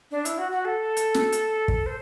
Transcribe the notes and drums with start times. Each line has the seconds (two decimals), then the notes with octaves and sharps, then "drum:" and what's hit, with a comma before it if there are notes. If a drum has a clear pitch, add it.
0.11 D4
0.25 E4, drum: hi-hat
0.38 F#4
0.52 F#4
0.65 A4
0.97 drum: hi-hat
1.14 drum: snare
1.32 drum: hi-hat
1.68 drum: kick
1.86 C5